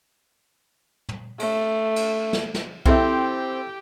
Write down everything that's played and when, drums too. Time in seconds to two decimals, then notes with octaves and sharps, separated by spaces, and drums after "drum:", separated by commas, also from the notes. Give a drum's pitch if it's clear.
1.09 drum: tom
1.39 A3, drum: cymbal
1.96 drum: cymbal
2.33 drum: snare
2.54 drum: snare
2.86 C4 E4 G4 A4 E5 G5, drum: kick B1